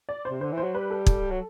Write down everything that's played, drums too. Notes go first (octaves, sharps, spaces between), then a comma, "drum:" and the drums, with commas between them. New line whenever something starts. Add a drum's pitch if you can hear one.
D5
C3 C5
D3 C5
E3
C5
F#3
G3 B4
A4
drum: kick
F#3